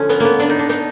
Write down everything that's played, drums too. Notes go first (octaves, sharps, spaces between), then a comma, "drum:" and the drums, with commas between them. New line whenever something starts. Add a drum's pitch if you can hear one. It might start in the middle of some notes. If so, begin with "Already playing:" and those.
Already playing: D3 F3 A3 C#4
B3, drum: hi-hat
A#3 B3
D4, drum: hi-hat
D#4
D4
D#4, drum: hi-hat